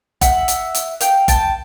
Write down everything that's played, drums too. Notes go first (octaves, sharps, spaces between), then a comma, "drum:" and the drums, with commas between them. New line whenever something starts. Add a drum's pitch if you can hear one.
E5 F#5, drum: kick F#1, hi-hat
drum: hi-hat
drum: hi-hat
F5 G5, drum: hi-hat
G5 A5, drum: kick F#1, hi-hat